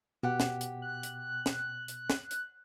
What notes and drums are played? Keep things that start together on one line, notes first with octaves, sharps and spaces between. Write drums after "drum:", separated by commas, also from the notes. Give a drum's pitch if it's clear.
B2 G4 F#5
drum: snare
drum: hi-hat
F#6
drum: hi-hat
drum: snare
drum: hi-hat
drum: snare
drum: hi-hat